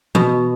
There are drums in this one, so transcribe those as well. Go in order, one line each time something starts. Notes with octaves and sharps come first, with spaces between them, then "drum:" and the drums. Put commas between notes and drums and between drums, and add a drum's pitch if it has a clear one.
B2, drum: tom E3